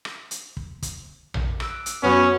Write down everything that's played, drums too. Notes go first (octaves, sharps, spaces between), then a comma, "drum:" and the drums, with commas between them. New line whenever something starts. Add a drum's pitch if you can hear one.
drum: rim click
drum: hi-hat
drum: kick
drum: kick, hi-hat
drum: tom A#1
D6 E6 F#6, drum: rim click
drum: hi-hat
F#2 F#3 B3 C#4 F#4